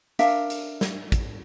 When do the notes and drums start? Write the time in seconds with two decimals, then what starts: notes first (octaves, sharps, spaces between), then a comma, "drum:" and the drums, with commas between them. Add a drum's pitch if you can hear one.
0.19 D4 A#4 E5 F5, drum: hi-hat
0.50 drum: hi-hat
0.81 drum: snare
1.12 drum: kick, hi-hat